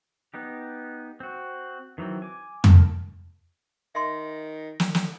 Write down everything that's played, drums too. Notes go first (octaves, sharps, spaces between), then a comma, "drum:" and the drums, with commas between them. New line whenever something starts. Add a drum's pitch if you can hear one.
B3 D#4 G4
C4 F#4
D#3 E3 F#3 C4
G#5 D6
A#4 A5, drum: tom
D#3 E5 C6
drum: snare
drum: snare